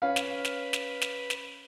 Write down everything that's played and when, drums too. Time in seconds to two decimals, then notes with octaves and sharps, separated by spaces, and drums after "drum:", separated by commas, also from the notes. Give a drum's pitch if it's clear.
0.02 C#4 B4 F5
0.16 drum: snare
0.45 drum: snare
0.73 drum: snare
1.01 drum: snare
1.30 drum: snare